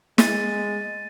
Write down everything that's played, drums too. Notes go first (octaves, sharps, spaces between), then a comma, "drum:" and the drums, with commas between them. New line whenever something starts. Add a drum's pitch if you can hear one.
G#3 A6 D#7, drum: snare